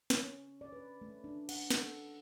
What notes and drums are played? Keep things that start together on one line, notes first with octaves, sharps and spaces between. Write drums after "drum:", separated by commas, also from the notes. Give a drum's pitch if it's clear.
C#4, drum: snare
D5
B4
A3
D4
F#5, drum: cymbal
A4, drum: snare